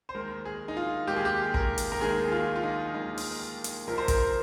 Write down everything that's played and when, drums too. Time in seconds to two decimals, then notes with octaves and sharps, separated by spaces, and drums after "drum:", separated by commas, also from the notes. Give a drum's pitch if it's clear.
0.09 C5
0.14 D#2 D#3 G#3 A#4
0.45 G#4
0.68 D#4
0.77 F4
1.08 D#2 D#3 G#3 G4
1.16 G#4
1.25 G4
1.54 A#4, drum: kick
1.78 drum: hi-hat
1.92 A#4
2.01 D#2 D#3 G#3 G#4
2.32 F4
2.56 F4
2.63 D#4
2.94 D#2 D#3 G#3 D#4
3.18 drum: open hi-hat
3.64 drum: hi-hat
3.87 F2 C3 F3 A#4
3.98 C5
4.08 A#4, drum: kick, hi-hat